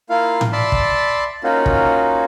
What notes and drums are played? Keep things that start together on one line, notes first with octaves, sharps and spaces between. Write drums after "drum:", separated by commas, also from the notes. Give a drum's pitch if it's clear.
A#3 E4 F4 F5
drum: tom A2
D5 E5 A5 B5 C6
drum: kick
A#3 C#4 D#4 F4 F#4
drum: kick